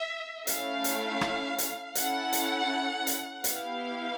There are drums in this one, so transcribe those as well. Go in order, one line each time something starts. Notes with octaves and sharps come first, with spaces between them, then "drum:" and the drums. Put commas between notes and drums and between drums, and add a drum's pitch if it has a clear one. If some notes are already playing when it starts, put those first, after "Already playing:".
Already playing: E5
A3 C#4 E4 F5, drum: hi-hat
drum: hi-hat
drum: rim click
drum: hi-hat
C#4 E4 A4 F#5, drum: hi-hat
drum: hi-hat
drum: hi-hat
B3 E4 G4 F5, drum: hi-hat